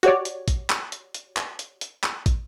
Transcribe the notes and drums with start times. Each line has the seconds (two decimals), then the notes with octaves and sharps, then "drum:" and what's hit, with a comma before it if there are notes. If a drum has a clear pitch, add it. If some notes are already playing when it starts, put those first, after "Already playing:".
0.03 F#4 G4 C#5 D5, drum: hi-hat
0.25 drum: hi-hat
0.48 drum: kick, hi-hat
0.70 drum: clap
0.92 drum: hi-hat
1.14 drum: hi-hat
1.37 drum: clap
1.59 drum: hi-hat
1.81 drum: hi-hat
2.04 drum: clap
2.26 drum: kick, hi-hat